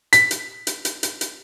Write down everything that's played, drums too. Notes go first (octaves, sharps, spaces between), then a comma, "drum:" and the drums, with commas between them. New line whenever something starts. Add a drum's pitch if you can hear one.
B6, drum: hi-hat
drum: hi-hat
drum: hi-hat
drum: hi-hat
drum: hi-hat
drum: hi-hat